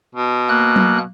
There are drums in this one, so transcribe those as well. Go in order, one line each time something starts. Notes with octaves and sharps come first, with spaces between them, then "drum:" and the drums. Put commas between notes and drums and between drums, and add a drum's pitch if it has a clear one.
B2
A#3 F#6
drum: tom F#3